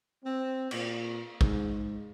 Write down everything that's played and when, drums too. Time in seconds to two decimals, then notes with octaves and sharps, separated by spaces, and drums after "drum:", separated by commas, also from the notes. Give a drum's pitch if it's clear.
0.24 C4
0.71 A#2, drum: cymbal
1.41 G#2, drum: kick